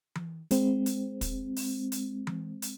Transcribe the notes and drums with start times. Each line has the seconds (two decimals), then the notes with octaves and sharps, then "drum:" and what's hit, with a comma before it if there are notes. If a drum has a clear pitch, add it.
0.15 drum: tom E3
0.51 G#3 C4, drum: hi-hat
0.86 drum: hi-hat
1.21 drum: kick, hi-hat
1.56 drum: open hi-hat
1.92 drum: hi-hat
2.27 drum: tom E3
2.62 drum: hi-hat